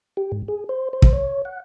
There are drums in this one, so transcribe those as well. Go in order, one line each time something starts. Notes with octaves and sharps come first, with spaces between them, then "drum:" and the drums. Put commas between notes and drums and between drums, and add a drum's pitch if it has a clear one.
G4
G#2
G#4
C5
C5
drum: kick
C#5
F#5